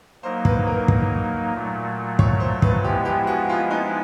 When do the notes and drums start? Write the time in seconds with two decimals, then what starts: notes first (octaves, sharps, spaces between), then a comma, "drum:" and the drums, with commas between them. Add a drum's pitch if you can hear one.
0.23 F#3 A#3 D#4 C5
0.45 B4, drum: kick
0.67 A#4
0.88 drum: kick
1.54 A#2 F#3 A3
2.19 C#5, drum: kick
2.40 C5
2.62 B4, drum: kick
2.83 F3 G#3 B3 E4 G4
3.05 G4
3.27 F#4
3.49 F4
3.70 D#4